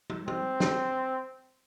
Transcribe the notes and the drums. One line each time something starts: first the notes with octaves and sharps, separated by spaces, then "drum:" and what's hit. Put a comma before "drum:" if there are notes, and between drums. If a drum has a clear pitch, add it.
drum: tom
C4, drum: tom
drum: snare